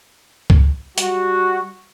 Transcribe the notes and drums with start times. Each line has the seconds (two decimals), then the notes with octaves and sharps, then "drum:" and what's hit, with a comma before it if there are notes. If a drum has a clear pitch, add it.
0.50 drum: kick C#2
0.98 G3 F#4, drum: hi-hat